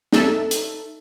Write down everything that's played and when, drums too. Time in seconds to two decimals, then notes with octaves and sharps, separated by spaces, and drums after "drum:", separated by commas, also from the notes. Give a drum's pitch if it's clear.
0.13 D#4 A4 E5, drum: snare
0.51 drum: hi-hat